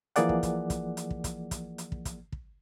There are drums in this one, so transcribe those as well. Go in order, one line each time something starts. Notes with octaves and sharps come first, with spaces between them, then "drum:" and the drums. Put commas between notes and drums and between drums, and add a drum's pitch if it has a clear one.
E3 F3 A#3 G#4 D5 F#5, drum: hi-hat
drum: kick
drum: kick, hi-hat
drum: kick, hi-hat
drum: hi-hat
drum: kick
drum: kick, hi-hat
drum: kick, hi-hat
drum: hi-hat
drum: kick
drum: kick, hi-hat
drum: kick